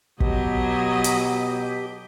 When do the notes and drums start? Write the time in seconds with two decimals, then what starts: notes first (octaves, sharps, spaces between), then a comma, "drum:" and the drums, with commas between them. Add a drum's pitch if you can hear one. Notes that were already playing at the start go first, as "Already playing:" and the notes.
0.20 B2 F#3 G4 D#5, drum: kick
1.04 drum: hi-hat